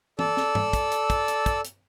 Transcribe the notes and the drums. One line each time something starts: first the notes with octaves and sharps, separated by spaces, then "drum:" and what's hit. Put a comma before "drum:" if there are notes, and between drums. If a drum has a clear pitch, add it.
A4 D5 E6, drum: tom
drum: snare
drum: tom G#2
drum: kick, hi-hat
drum: hi-hat
drum: kick, hi-hat
drum: hi-hat
drum: kick, hi-hat
drum: hi-hat